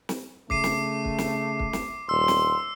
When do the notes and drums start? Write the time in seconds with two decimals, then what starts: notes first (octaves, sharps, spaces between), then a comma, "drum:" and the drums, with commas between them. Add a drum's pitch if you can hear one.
0.09 drum: snare
0.50 C#3 A3 D6 C7 D#7, drum: kick
0.64 drum: snare
1.05 drum: kick
1.18 drum: snare
1.60 drum: kick
1.73 drum: snare
2.09 D#1 C6 E6
2.28 drum: snare